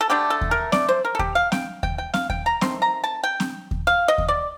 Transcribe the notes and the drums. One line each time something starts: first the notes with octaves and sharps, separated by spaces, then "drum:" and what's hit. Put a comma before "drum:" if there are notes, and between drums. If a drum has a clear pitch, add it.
A4
D3 A3 D4 G4
A4
drum: kick D#2
A#4
D5, drum: snare C4
C5
A#4
A4
G4, drum: kick D#2
F5
G5, drum: snare C4
G5, drum: kick D#2
G5
F5, drum: snare C4
G5, drum: kick D#2
A#5
D#3 A3 C4 C6, drum: snare C4
A#5
A5
G5
drum: snare C4
drum: kick D#2
F5
D#5
drum: kick D#2
D5